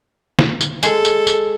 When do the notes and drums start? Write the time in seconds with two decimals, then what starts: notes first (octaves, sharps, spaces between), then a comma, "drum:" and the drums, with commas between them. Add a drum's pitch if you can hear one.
0.39 drum: snare
0.61 drum: tambourine
0.83 G#3 A4, drum: tambourine
1.05 drum: tambourine
1.27 drum: tambourine